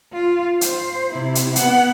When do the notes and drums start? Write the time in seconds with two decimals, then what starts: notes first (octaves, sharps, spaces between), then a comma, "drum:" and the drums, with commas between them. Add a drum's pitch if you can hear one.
0.13 F4
0.61 C5, drum: hi-hat
1.12 C3 E4
1.35 drum: hi-hat
1.56 B3 F#5, drum: hi-hat